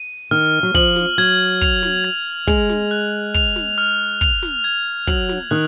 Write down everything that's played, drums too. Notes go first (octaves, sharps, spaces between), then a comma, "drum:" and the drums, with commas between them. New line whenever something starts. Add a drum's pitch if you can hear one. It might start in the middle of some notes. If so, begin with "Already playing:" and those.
Already playing: D#7
D#3 F6
F#3
F3 F#7, drum: kick
drum: snare
F#3 G#6
F7, drum: kick
drum: snare
G#6
G#3 F7, drum: kick
drum: snare
F#6
F7, drum: kick
drum: snare
F6
F7, drum: kick
drum: snare
G#6
F#3 F#7, drum: kick
drum: snare
D#3 F#6